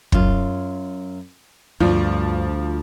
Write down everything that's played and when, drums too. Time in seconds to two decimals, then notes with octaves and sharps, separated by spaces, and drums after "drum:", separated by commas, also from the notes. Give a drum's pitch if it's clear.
0.12 F#2 F4, drum: kick
1.80 D2 G2 F3